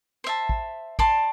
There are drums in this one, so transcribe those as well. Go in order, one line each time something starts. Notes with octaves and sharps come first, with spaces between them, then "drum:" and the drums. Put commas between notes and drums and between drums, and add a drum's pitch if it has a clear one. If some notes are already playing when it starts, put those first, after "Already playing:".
C5 E5 A5
drum: kick
D5 A5 C6, drum: kick